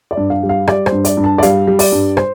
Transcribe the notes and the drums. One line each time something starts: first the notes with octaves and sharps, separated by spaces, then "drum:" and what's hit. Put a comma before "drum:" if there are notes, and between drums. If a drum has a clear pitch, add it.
D5
G2
F5
G3
F5
G3 D5, drum: rim click
C5, drum: rim click
G2
D5, drum: hi-hat
G2
A5
D5
G3 F5, drum: hi-hat
G3
D5, drum: open hi-hat
G2
C5, drum: rim click